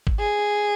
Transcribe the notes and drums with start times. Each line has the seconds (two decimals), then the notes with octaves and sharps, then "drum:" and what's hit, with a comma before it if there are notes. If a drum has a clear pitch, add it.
0.07 drum: kick
0.20 G#4